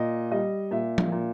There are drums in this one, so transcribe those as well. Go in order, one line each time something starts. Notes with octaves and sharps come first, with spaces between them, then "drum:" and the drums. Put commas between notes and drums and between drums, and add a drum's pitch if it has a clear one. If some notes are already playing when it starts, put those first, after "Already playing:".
Already playing: A#2 D#5
G3 D#5
A#2 E5
drum: tom F3
A#2